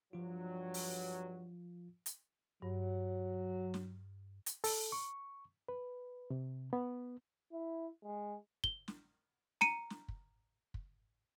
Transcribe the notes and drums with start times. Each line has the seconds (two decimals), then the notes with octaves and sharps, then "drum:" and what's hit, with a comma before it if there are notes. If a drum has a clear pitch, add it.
0.13 G2 F3 F#3 F4
0.74 drum: open hi-hat
2.06 drum: hi-hat
2.62 G2 F#3
3.74 drum: snare
4.46 drum: hi-hat
4.64 A4, drum: open hi-hat
4.92 C#6
5.68 B4
6.30 C3
6.73 B3
7.52 E4
8.04 G#3
8.64 G7, drum: kick
8.88 drum: snare
9.61 A#5 C#7 D#7, drum: snare
9.90 drum: snare
10.08 drum: kick
10.74 drum: kick